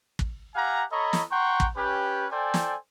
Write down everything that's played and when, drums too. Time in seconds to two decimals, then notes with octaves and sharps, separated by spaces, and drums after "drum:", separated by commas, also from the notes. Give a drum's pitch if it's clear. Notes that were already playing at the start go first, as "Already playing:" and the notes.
0.19 drum: kick
0.55 G4 F5 F#5 G#5 A#5
0.91 A4 C#5 D#5 A#5 B5 C#6
1.13 drum: snare
1.30 F#5 G5 A#5 C6 C#6
1.60 drum: kick
1.75 C#4 G4 B4
2.30 A4 C5 D5 G5 G#5
2.54 drum: snare